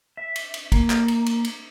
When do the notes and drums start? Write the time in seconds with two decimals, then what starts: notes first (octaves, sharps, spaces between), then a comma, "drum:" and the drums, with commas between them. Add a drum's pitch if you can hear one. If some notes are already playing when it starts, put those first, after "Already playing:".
0.17 E5
0.36 drum: cymbal
0.54 drum: cymbal
0.72 A#3, drum: kick, cymbal
0.90 drum: clap
1.08 drum: cymbal
1.26 drum: cymbal
1.44 drum: cymbal